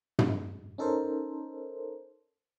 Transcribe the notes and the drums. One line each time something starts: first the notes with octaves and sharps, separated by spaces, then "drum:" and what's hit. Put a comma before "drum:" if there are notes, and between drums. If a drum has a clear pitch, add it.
drum: tom
C#4 D#4 A4 A#4 C5